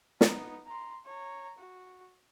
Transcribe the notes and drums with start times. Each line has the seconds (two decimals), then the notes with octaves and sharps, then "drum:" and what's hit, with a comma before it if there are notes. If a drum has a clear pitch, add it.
0.21 B3 D#4, drum: snare
0.66 A#5 C6
1.05 C#5 A#5
1.59 F#4